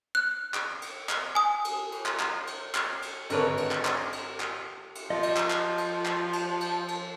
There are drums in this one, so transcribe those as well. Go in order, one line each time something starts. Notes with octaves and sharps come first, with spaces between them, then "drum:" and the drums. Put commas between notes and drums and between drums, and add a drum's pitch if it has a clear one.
F6 F#6
drum: clap
drum: cymbal
drum: clap
G#5 D#6
drum: cymbal
drum: cymbal
drum: clap
drum: clap
drum: cymbal
drum: clap
drum: cymbal
G#1 D3 A#4 B4 C#5, drum: cymbal
drum: cymbal
drum: clap
drum: clap
drum: cymbal
drum: clap
drum: cymbal
F3 D#5
drum: cymbal
drum: clap
drum: clap
drum: cymbal
drum: clap
drum: cymbal
drum: cymbal
drum: cymbal